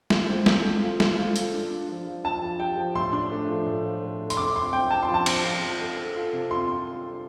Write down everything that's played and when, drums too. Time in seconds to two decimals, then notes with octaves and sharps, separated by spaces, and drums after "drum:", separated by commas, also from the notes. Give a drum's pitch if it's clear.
0.10 F4, drum: snare G#3
0.29 C4
0.46 F4, drum: snare G#3
0.64 A4
0.82 F4
1.00 A4, drum: snare G#3
1.17 F4
1.36 F4, drum: hi-hat
1.53 D4
1.71 D4
1.88 F3
2.06 F3
2.24 D4 A5
2.42 F3
2.59 G4 G5
2.77 F3
2.95 A2 C6
3.13 D4
3.31 A3
3.48 F3
3.66 A2
3.85 F3
4.02 A3
4.19 A3
4.30 C6, drum: hi-hat
4.37 C3 D6
4.55 C4 C6
4.73 C4 G5
4.91 C4 A5
5.03 C6
5.08 F3
5.14 A5
5.26 C4, drum: cymbal
5.44 F3
5.62 F3
5.80 A4
5.97 A4
6.15 F4
6.33 C3
6.51 F4 C6
6.69 F4
6.87 A4
7.04 F4